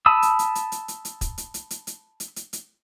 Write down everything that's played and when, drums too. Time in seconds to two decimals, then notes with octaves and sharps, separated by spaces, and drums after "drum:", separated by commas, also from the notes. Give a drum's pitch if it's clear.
0.06 A5 B5 D#6 E6
0.22 drum: hi-hat
0.39 drum: hi-hat
0.55 drum: hi-hat
0.72 drum: hi-hat
0.88 drum: hi-hat
1.05 drum: hi-hat
1.21 drum: kick, hi-hat
1.38 drum: hi-hat
1.54 drum: hi-hat
1.70 drum: hi-hat
1.87 drum: hi-hat
2.20 drum: hi-hat
2.36 drum: hi-hat
2.53 drum: hi-hat